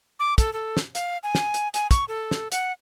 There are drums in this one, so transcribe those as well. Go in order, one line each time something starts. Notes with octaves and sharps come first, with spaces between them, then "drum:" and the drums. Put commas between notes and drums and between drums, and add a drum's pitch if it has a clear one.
D6
A4, drum: kick, hi-hat
A4
drum: snare
F5, drum: hi-hat
G#5
drum: snare
drum: hi-hat
G#5, drum: hi-hat
C#6, drum: kick, hi-hat
A4
drum: snare
F#5, drum: hi-hat